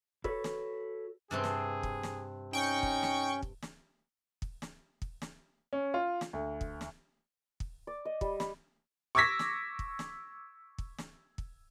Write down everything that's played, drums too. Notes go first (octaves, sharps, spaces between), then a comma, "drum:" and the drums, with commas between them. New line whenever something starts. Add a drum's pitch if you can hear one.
F#4 A4 B4 C#5, drum: kick
drum: snare
G2 C3 C4 G#4
drum: snare
drum: kick
drum: snare
C#4 D#4 G5 C#6
drum: kick
drum: snare
drum: kick
drum: snare
drum: kick
drum: snare
drum: kick
drum: snare
C#4
F4
drum: snare
D2
drum: kick
drum: snare
drum: kick
D5
D#5
G3, drum: kick
B5, drum: snare
C#6 D6 E6 G#6 A#6 B6
drum: snare
drum: kick
drum: snare
drum: kick
drum: snare
drum: kick